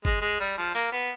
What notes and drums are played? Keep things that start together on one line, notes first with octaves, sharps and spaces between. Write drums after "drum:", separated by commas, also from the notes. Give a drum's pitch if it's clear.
G#3, drum: kick G1
G#3
G3
F3
A#3, drum: tambourine
B3